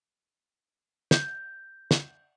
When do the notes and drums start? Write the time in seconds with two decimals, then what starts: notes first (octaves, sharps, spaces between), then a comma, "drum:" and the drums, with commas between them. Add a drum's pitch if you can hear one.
1.11 G6, drum: snare
1.91 drum: snare